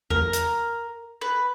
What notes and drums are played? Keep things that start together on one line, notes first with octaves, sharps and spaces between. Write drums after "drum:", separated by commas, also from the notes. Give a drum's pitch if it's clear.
A#4, drum: tom E2
drum: hi-hat
B4